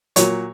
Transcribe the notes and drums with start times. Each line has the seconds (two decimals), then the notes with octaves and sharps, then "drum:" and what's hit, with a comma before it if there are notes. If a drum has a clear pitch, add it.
0.16 A#2 F#3 C#5, drum: hi-hat